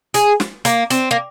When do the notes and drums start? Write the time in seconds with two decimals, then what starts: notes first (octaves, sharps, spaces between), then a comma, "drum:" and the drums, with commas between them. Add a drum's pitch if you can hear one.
0.14 G#4, drum: hi-hat
0.40 drum: snare
0.65 A#3, drum: hi-hat
0.90 C4, drum: hi-hat
1.11 A#3